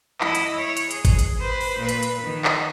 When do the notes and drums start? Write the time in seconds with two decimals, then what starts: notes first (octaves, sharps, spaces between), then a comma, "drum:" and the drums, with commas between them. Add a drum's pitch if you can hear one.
0.21 E4 D#5, drum: clap
0.35 drum: hi-hat
0.58 C#5
0.77 drum: hi-hat
0.91 G#4, drum: hi-hat
1.05 drum: kick G#1, hi-hat
1.19 drum: hi-hat
1.40 B4 C5
1.61 drum: open hi-hat
1.79 A#2 B4
1.89 drum: hi-hat
2.03 drum: hi-hat
2.22 D#3
2.45 drum: clap